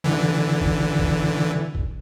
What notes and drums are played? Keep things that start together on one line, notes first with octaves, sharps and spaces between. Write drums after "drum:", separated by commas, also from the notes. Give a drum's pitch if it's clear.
D3 E3
drum: kick
drum: kick
drum: kick